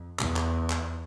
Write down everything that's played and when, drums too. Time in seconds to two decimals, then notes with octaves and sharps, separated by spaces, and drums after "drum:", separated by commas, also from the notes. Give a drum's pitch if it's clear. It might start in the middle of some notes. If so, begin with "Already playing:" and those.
Already playing: F2
0.19 E2, drum: clap
0.36 drum: clap
0.70 drum: clap